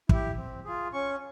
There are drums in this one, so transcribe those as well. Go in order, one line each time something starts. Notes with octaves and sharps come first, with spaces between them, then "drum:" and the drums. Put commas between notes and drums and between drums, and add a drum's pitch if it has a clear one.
E4 G4, drum: kick
C4
F4 G#4
C#4 C#6